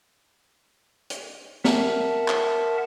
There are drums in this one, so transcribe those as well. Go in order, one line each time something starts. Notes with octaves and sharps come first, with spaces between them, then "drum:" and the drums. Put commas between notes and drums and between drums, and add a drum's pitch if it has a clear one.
drum: hi-hat
A#4 E5 F#5 A5, drum: snare
drum: clap